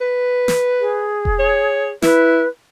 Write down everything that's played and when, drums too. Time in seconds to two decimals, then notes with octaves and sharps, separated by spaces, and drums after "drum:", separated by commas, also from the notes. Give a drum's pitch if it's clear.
0.01 B4
0.48 drum: snare
0.80 G#4
1.25 drum: kick E1
1.39 C#5
2.02 E4 B4, drum: snare